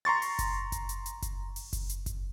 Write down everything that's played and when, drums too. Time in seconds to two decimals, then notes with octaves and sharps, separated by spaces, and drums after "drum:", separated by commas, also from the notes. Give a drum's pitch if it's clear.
0.05 A#5 C6 C#6 A6
0.22 drum: open hi-hat
0.39 drum: kick F#1, hi-hat
0.72 drum: kick F#1, hi-hat
0.89 drum: hi-hat
1.06 drum: hi-hat
1.22 drum: kick F#1, hi-hat
1.56 drum: open hi-hat
1.73 drum: kick F#1, hi-hat
1.89 drum: hi-hat
2.06 drum: kick F#1, hi-hat